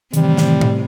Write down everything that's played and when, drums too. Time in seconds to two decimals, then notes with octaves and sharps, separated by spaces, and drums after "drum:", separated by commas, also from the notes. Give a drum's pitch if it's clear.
0.14 A2 C3 D#3 E3 G3, drum: hi-hat
0.37 drum: snare
0.61 drum: tom A2